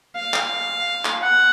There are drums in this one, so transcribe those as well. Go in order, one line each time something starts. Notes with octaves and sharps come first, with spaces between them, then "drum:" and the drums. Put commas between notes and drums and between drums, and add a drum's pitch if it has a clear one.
F5
drum: clap
drum: clap
F#5